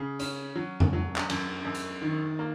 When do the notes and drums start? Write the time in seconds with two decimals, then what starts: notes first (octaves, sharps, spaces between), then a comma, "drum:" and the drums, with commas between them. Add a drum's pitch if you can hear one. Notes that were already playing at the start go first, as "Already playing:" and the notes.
Already playing: C#3
0.19 C#4, drum: hi-hat
0.55 F#3
0.80 drum: tom F2
0.93 F#3
1.16 drum: clap
1.30 F#2, drum: cymbal
1.65 F#2
1.74 drum: hi-hat
2.02 D#3
2.39 A#3